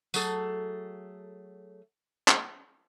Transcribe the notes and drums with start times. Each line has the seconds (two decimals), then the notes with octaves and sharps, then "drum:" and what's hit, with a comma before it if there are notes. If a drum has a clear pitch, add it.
0.14 F#3 A3 G#4 A4, drum: tambourine
2.28 drum: clap